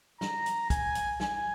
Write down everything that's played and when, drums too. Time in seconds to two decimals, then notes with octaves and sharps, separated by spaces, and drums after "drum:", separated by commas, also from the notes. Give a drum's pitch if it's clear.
0.21 A#5, drum: snare
0.46 drum: hi-hat
0.70 G#5, drum: kick, hi-hat
0.95 drum: hi-hat
1.20 G#5, drum: snare